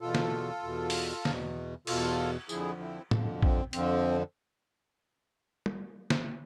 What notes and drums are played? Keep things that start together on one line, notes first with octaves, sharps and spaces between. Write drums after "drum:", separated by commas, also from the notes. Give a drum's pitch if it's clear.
E2 B2 F4 A4
drum: snare
E2 B2
drum: open hi-hat
E2 B2, drum: snare
E2 B2 F4 A4, drum: cymbal
F2 D3 F3 E4 G#4, drum: tambourine
C4 E4
F2 D3 F3, drum: tom A2
C4, drum: kick A#1
F2 D3 F3 C4, drum: hi-hat
drum: tom G3
drum: snare